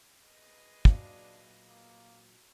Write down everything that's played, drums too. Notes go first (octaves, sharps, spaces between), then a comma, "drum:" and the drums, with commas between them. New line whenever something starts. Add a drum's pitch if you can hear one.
G#4 B4 D#5
A#2 F#3 D4 F#4 F5, drum: kick
A#3